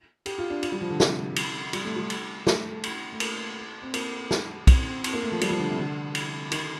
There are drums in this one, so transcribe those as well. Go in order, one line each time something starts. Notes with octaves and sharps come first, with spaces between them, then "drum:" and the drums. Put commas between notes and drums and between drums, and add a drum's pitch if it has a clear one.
G4, drum: cymbal
F4
D4
F4, drum: cymbal
G3
F3
D3
C3, drum: snare
drum: cymbal
G3, drum: cymbal
A3
G3
drum: cymbal
A3, drum: snare
drum: cymbal
A3
A#3, drum: cymbal
C4
A#3, drum: cymbal
drum: snare
C4, drum: kick, cymbal
C4
C4, drum: cymbal
A#3
A3
F3
G3, drum: cymbal
F3
D3
C3
D3
drum: cymbal
D#3, drum: cymbal